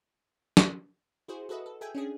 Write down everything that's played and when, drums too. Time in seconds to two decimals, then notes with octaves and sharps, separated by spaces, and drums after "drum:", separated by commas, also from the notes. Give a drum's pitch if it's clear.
0.57 drum: snare
1.28 E4 F#4 G#4 C5
1.49 F#4 A4 B4 D#5 E5
1.66 A4
1.81 G#4 A4 E5 G5 G#5
1.95 C#4 D4 G#4